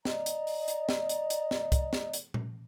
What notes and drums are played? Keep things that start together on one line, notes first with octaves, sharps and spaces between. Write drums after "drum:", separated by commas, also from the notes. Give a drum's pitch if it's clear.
D5 D#5 A#5, drum: snare
drum: hi-hat
drum: open hi-hat
drum: hi-hat
drum: snare
drum: hi-hat
drum: hi-hat
drum: snare
drum: kick C2, hi-hat
drum: snare
drum: hi-hat
drum: tom A#2